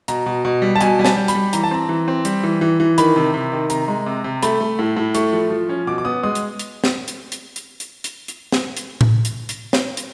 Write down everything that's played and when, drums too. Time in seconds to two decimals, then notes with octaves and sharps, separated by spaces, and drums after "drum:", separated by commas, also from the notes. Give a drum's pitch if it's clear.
0.08 B2 A#5, drum: hi-hat
0.26 B2
0.45 B2
0.62 G3
0.76 A5
0.81 B2 G#5, drum: hi-hat
0.99 G3 G#5
1.05 A5, drum: snare
1.17 G3
1.28 B5, drum: hi-hat
1.35 G3
1.53 E3 A#5, drum: hi-hat
1.64 A5
1.71 C4 A#5
1.89 E3
2.08 C4
2.25 G3, drum: hi-hat
2.43 E3
2.61 E3
2.80 E3
2.98 D#3 B5, drum: hi-hat
3.16 C3
3.34 C3
3.52 D#3
3.70 C3 A#5, drum: hi-hat
3.88 G#3
4.06 C3
4.24 C3
4.42 A3 B5, drum: hi-hat
4.60 A3
4.79 A2
4.97 A2
5.15 A3 C#6, drum: hi-hat
5.33 F3
5.50 F3
5.69 C#4
5.87 B2 D6
5.98 D6
6.05 B3 D#6
6.23 G#3 D#6
6.35 drum: hi-hat
6.59 drum: hi-hat
6.84 drum: snare
7.08 drum: hi-hat
7.32 drum: hi-hat
7.56 drum: hi-hat
7.80 drum: hi-hat
8.04 drum: hi-hat
8.28 drum: hi-hat
8.52 drum: snare
8.77 drum: hi-hat
9.01 drum: tom A2
9.25 drum: hi-hat
9.49 drum: hi-hat
9.73 drum: snare
9.97 drum: hi-hat